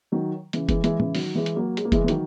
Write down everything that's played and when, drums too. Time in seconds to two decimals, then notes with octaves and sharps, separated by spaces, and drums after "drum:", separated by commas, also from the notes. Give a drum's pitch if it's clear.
0.12 D#3 F#3
0.53 C#3 E3, drum: hi-hat
0.69 E3 G#3, drum: kick F1, hi-hat
0.84 E3 G#3, drum: hi-hat
1.00 C#3 E3, drum: tom
1.15 D#3 F#3, drum: open hi-hat
1.35 E3 G#3
1.46 drum: hi-hat
1.56 F#3 A#3
1.77 G#3, drum: hi-hat
1.85 A#3
1.92 E3 G#3, drum: kick F1, hi-hat
2.04 E3
2.08 D#3 F#3, drum: hi-hat